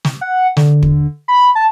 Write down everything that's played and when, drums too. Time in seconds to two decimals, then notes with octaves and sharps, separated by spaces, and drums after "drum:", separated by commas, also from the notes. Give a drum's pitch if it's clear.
0.05 drum: snare
0.21 F#5
0.57 D3, drum: snare
0.83 drum: kick
1.28 B5
1.55 A5